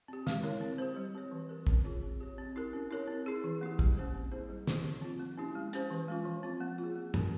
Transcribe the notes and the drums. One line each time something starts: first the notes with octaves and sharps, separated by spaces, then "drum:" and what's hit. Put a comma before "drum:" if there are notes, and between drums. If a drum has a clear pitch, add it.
C4 G4
G#3, drum: snare
E4 A#4 C#5
C4
G4 C5
G3
C4 G4 C#5
E3
G3 C4 G4 A#4
C#4, drum: kick
F4 G#4 C#5
C4
G4 C#5
C4
E4 G4 A#4
C#4
E4 G4 A#4 C#5
C4
E4 G#4
E3
A#3 E4 G4
G3, drum: kick
A#3 C#4 G4 C5
C4
E4 G#4 C5
G3
C4 G4 C5, drum: snare
F3
C4 F4
A#3
C#4 E4 G4
G#3
C#4 G4 C5, drum: hi-hat
E3
G#3 C#4 F4
F3
C4 F4
A#3
F4
G#4
A#3
C#4 G4 A#4, drum: tom